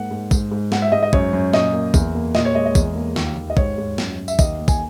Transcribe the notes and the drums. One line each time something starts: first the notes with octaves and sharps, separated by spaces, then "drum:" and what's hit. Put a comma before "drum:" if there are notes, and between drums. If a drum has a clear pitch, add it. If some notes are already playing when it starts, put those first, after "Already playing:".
Already playing: G#2 A#3 F#5
G#2
G#2, drum: kick, tambourine
G#2
G#2 F#5, drum: snare
E5
G#2 D#5
D#5
F#2 C#5, drum: kick
F#2
A#2 D#5, drum: snare
A#3
E2, drum: kick, tambourine
A#3
A#2 D#5, drum: snare
C#5
G#3 D#5
D#5
E2, drum: kick, tambourine
A#3
D#2, drum: snare
D#2
D#5
G#2 C#5, drum: kick
G#2
F#2, drum: snare
F#2
E5, drum: tambourine
D#2 D#5, drum: kick, tambourine
A#3
G#5, drum: kick, tambourine